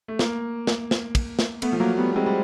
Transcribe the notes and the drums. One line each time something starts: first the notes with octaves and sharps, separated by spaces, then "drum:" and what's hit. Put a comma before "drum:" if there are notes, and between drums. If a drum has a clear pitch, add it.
A3
A#3, drum: snare
drum: snare
drum: snare
drum: kick, cymbal
drum: snare
A3 B3, drum: cymbal
F3
F#3 A#3
G3 B3
G#3 C4
G3